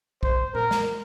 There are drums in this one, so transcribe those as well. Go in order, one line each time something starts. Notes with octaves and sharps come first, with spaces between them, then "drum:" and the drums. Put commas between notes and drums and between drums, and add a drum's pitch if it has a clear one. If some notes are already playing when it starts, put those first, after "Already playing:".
C5, drum: kick
A#4, drum: tom A#2
drum: snare